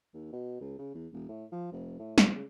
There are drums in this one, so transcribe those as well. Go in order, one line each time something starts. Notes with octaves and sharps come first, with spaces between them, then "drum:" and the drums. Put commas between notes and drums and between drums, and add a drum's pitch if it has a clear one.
D#2
B2
C#2
C#3
E2
E1
A2
F3
F1
A2
F2, drum: snare
C#3